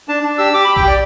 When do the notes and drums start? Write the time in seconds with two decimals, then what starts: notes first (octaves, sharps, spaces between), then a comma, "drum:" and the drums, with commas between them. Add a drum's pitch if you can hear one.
0.08 D4 A5
0.23 D4
0.38 G4 E6
0.53 G4 D6
0.65 G4 B5
0.76 G5, drum: kick B1
0.84 G4 D5